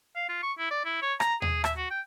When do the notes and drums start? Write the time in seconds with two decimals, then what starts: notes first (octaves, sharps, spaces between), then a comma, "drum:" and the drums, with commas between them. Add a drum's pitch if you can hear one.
0.16 F5
0.29 F4
0.43 C#6
0.59 E4
0.71 D5
0.86 E4
1.02 C#5
1.20 A#5, drum: rim click
1.42 G#4, drum: tom D#2
1.64 E5, drum: rim click
1.78 F#4
1.91 G5